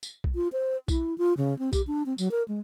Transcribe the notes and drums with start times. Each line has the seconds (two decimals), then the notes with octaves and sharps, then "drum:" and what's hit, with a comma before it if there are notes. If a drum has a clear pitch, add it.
0.03 drum: tambourine
0.24 drum: kick B1
0.35 F4
0.53 C5
0.88 E4, drum: kick B1, tambourine
1.18 F4
1.37 C#3
1.59 C4
1.73 G4, drum: kick B1, tambourine
1.87 D4
2.06 C4
2.18 F#3, drum: tambourine
2.31 A#4
2.48 G#3